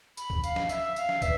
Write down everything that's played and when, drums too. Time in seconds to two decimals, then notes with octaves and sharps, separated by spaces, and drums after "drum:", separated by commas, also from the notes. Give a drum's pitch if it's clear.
0.17 B5, drum: tambourine
0.30 drum: kick
0.44 F5, drum: tambourine
0.56 drum: snare
0.69 E5, drum: tambourine
0.96 F5, drum: tambourine
1.09 drum: snare
1.22 B4 D5 E5, drum: kick, tambourine